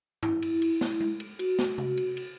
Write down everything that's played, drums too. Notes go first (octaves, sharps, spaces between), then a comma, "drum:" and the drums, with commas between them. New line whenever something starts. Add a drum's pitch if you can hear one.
E4, drum: tom G2
drum: cymbal
drum: cymbal
drum: snare
drum: tom G#3
drum: cymbal
F#4, drum: cymbal
drum: snare
drum: tom C3
drum: cymbal
drum: cymbal